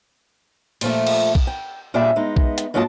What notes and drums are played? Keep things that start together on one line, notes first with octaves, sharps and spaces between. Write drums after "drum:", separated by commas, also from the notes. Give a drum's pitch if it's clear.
A#2 F3 A3, drum: cymbal
drum: cymbal
drum: kick B1
G5
A#2 G3 D4 G#4 E5
G#3 B3 D#4
drum: kick B1
drum: hi-hat
G#2 F#3 A#3 F4 D#5 A5